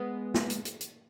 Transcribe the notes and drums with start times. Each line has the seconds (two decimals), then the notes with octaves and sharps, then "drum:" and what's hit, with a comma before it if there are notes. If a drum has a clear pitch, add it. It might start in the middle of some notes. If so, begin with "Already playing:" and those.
Already playing: G#3 B3
0.34 drum: snare
0.50 drum: hi-hat
0.65 drum: hi-hat
0.81 drum: hi-hat